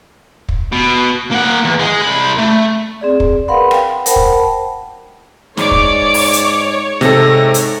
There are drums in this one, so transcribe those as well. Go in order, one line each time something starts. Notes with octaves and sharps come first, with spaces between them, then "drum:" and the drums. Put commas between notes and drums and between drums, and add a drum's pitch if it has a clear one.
drum: kick
B2
A#3 F#5
E2
G#3
C2 B5
A3
C4 G#4 D5
drum: kick
A#4 B4 F5 F#5 B5 C6
G5, drum: rim click
A#4 C5 F#5 G5 A5 B5, drum: hi-hat
drum: kick
G#2 C#5 D5 D6, drum: snare
drum: kick
drum: open hi-hat
drum: hi-hat
G#2 C3 A4 A#6, drum: snare
drum: hi-hat